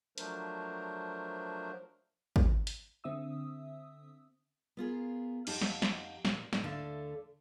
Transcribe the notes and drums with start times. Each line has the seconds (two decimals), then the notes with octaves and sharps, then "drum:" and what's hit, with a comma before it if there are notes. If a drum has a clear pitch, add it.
0.18 F3 F#3 A3 D4 A#4 C5, drum: hi-hat
2.36 drum: kick
2.67 drum: hi-hat
3.04 D3 C4 E5 D#6 E6
4.77 B3 F4 G#4 A#4
5.47 F2 D#4 G4 F5 F#5 A5, drum: cymbal
5.61 drum: snare
5.82 drum: snare
6.25 A#2, drum: snare
6.53 A2 D3 D#4 D5, drum: snare
6.64 D2 D3 A4 D5 E5 F5